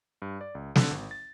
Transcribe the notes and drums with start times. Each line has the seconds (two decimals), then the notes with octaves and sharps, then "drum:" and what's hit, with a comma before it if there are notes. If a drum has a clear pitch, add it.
0.22 G2
0.41 D5
0.55 C#2
0.76 D3, drum: snare
0.91 G#1
1.11 A6